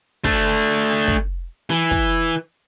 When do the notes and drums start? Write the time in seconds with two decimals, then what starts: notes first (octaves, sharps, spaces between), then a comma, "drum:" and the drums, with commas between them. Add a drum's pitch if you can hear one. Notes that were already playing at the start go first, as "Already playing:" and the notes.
0.24 A3 D4, drum: kick
1.08 drum: kick
1.70 E3
1.91 drum: kick